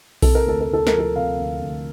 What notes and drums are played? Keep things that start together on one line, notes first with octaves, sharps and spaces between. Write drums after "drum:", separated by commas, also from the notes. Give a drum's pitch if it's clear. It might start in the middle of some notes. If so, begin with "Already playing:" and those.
C3 A4, drum: kick B1, open hi-hat
A#4
D2 A4
A#4
D2 A4
A#4, drum: snare
F3
A4
C3 F5
D2
D2